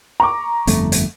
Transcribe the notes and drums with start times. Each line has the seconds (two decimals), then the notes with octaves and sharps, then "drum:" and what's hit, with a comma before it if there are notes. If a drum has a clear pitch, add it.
0.20 A#5 C#6 D6
0.67 G1 F2 A3, drum: hi-hat
0.92 drum: hi-hat